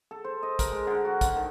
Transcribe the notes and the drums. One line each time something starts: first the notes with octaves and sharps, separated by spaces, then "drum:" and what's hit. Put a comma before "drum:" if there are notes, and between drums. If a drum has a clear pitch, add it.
A4
C5
D#5
A#4, drum: kick, hi-hat
G#3
D3
F#4
D3, drum: kick, hi-hat
D#3